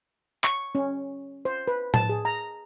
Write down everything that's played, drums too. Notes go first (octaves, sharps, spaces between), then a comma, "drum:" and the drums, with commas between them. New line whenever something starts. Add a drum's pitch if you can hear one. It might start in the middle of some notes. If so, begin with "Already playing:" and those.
C#6, drum: clap
C#4
C5
B4
A5, drum: tom A2
G#4
A#5